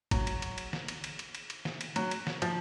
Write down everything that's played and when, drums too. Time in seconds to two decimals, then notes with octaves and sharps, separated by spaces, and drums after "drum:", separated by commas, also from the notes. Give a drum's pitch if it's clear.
0.11 F#3, drum: kick G1, cymbal
0.27 drum: cymbal
0.42 drum: cymbal
0.58 drum: cymbal
0.73 drum: snare
0.88 drum: cymbal
1.04 drum: cymbal
1.19 drum: cymbal
1.35 drum: cymbal
1.50 drum: cymbal
1.65 drum: snare
1.81 drum: cymbal
1.96 F#3, drum: cymbal
2.11 drum: cymbal
2.27 drum: snare
2.42 F3, drum: cymbal